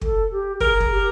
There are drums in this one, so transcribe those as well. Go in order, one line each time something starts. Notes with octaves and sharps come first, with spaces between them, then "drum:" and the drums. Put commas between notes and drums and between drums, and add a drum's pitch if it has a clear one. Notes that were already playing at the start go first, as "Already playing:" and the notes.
A4, drum: kick
G4
G#4 A#4, drum: kick
drum: kick
G4